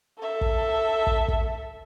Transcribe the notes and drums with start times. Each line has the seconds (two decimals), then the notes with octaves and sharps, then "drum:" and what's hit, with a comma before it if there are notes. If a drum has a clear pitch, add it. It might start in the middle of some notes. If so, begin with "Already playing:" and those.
0.19 A4 E5
0.41 drum: kick
1.07 drum: kick
1.28 drum: kick